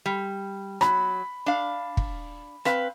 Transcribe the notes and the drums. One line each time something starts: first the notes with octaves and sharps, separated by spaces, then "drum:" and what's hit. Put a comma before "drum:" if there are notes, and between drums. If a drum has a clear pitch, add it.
G3
F#3 B5, drum: rim click
D4 F5
drum: kick
C4 B4 F5, drum: rim click